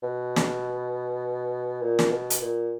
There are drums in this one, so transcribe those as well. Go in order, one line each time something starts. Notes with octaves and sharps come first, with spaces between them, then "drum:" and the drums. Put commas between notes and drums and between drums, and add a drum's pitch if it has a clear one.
B2
drum: snare
A#2
drum: snare
B2
drum: hi-hat
A#2